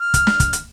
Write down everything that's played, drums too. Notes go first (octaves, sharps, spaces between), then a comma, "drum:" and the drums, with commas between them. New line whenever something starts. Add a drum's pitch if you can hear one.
F6
drum: kick, hi-hat
drum: snare
drum: kick, hi-hat
drum: hi-hat